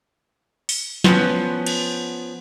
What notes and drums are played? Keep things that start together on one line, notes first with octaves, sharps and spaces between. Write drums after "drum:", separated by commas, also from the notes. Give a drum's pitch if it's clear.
drum: open hi-hat
F3 B3 C#4, drum: snare
drum: cymbal